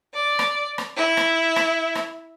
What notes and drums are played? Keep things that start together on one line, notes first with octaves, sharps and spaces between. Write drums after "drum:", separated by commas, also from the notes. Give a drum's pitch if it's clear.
D5
drum: rim click
drum: rim click
E4
drum: rim click
drum: rim click
drum: rim click